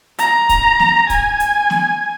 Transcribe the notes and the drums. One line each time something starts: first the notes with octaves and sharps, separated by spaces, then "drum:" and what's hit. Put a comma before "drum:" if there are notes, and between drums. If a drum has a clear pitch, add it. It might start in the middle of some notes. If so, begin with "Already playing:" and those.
A#5, drum: hi-hat
drum: kick, hi-hat
drum: snare
G#5, drum: kick, hi-hat
drum: hi-hat
drum: snare